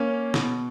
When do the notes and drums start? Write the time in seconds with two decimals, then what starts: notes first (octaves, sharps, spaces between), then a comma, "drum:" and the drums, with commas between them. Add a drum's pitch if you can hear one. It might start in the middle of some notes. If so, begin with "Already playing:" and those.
Already playing: A#3 C#4
0.34 B2, drum: snare